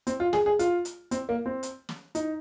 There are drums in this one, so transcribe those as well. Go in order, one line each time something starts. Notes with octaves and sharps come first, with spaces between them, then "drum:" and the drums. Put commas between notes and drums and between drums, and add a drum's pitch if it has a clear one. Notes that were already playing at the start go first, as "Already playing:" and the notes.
C4, drum: hi-hat
F4
G#4, drum: snare
G#4
F4, drum: hi-hat
drum: hi-hat
C4, drum: hi-hat
A#3
C4
drum: hi-hat
drum: snare
D#4, drum: hi-hat